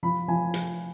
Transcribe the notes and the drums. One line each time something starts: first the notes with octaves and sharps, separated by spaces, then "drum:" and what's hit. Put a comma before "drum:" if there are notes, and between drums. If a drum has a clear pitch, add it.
F3 B5
F3 G#5
drum: hi-hat